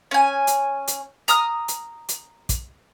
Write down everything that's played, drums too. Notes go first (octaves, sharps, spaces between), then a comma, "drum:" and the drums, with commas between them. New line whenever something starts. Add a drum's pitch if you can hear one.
C#4 G#5
drum: hi-hat
drum: hi-hat
A#5 D#6 F6, drum: hi-hat
drum: hi-hat
drum: hi-hat
drum: kick, hi-hat